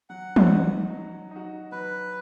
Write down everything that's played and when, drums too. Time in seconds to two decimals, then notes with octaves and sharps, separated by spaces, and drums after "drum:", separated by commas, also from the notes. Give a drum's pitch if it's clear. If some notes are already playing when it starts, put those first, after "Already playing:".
0.10 F#3 F#5
0.36 drum: tom
0.50 D#4 F#4
0.90 F#3
1.31 D#4 F#4
1.72 F#3 B4